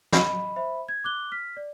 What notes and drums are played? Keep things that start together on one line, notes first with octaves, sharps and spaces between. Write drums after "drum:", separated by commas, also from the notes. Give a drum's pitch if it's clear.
D#5 B5, drum: snare
C5 E5 B5
G#6
D6 F#6 G7
F6 B6
D5